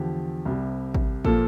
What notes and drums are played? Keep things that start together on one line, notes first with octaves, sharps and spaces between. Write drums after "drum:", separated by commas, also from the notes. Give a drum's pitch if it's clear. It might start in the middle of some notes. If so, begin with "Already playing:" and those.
Already playing: E2 D3 F3 G4
C2 C3 G3
drum: kick G#1
A#2 F3 A#3 A4, drum: kick G#1